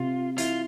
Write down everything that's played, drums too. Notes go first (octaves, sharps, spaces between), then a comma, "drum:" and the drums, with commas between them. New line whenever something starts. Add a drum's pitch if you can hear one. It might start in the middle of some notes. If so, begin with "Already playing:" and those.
Already playing: C3 F4
E4 F4, drum: hi-hat